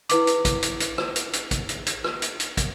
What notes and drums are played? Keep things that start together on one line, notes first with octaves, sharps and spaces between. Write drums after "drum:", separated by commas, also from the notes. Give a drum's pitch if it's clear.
E4 B4 D6, drum: hi-hat
drum: hi-hat
drum: kick, hi-hat
drum: hi-hat
drum: hi-hat
drum: rim click
drum: hi-hat
drum: hi-hat
drum: kick, hi-hat
drum: hi-hat
drum: hi-hat
drum: rim click
drum: hi-hat
drum: hi-hat
drum: kick, hi-hat